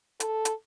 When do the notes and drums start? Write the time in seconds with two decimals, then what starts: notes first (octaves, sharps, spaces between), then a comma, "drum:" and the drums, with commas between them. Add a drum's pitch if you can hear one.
0.20 A4, drum: hi-hat
0.45 drum: hi-hat